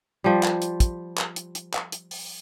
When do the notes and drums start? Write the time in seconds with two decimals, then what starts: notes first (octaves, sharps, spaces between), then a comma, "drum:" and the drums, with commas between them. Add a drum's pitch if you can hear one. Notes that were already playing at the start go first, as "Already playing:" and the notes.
0.24 F3 G3
0.43 drum: clap
0.62 drum: hi-hat
0.80 drum: kick, hi-hat
1.18 drum: clap
1.36 drum: hi-hat
1.55 drum: hi-hat
1.74 drum: clap
1.92 drum: hi-hat
2.11 drum: open hi-hat